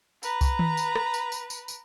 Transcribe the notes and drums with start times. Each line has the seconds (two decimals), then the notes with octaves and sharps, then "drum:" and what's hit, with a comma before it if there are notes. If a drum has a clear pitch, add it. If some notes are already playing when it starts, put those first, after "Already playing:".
0.23 B4 A#5, drum: tambourine
0.41 drum: kick C2, tambourine
0.59 drum: tom D#3
0.77 drum: tambourine
0.96 drum: rim click
1.14 drum: tambourine
1.32 drum: tambourine
1.50 drum: tambourine
1.68 drum: tambourine